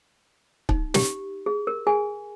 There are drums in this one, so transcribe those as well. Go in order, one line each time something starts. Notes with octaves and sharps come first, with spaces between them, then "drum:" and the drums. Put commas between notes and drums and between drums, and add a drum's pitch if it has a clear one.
D#4, drum: kick C#1
G4, drum: snare
G#4
A#4
G#4 G#5